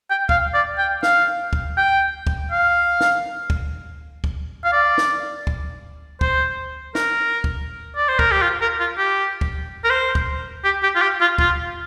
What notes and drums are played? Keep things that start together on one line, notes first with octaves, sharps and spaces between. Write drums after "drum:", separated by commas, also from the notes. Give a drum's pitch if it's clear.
G5
F5, drum: kick
D5
G5
F5, drum: snare
drum: kick
G5
drum: kick
F5
drum: snare
drum: kick
drum: kick
F5
D5
drum: snare
drum: kick
C5, drum: kick
A#4, drum: snare
drum: kick
D5
C5
A#4, drum: kick
G4
F4
A#4
F4
G4
drum: kick
A#4
C5
drum: kick
G4
G4
F4
G4
F4
F4, drum: kick